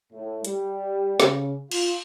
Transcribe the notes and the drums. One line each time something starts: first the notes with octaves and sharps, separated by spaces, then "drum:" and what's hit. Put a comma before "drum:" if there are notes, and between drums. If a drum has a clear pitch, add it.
A2
G3, drum: hi-hat
C#3, drum: snare
F4, drum: cymbal